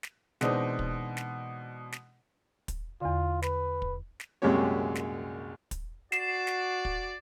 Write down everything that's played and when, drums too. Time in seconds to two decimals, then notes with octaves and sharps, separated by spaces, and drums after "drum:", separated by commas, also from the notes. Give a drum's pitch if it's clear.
0.03 drum: snare
0.41 B2 E3 G#3 C4 D4 D#4, drum: snare
0.79 drum: kick
1.17 drum: snare
1.92 drum: snare
2.68 drum: kick, hi-hat
3.02 E2 D3 F4
3.42 B4, drum: snare
3.82 drum: kick
4.20 drum: snare
4.42 C2 F#2 A#2 G#3 G4 C#5
4.95 drum: snare
5.71 drum: kick, hi-hat
6.12 F#4 D5 C7 E7, drum: snare
6.47 drum: snare
6.85 drum: kick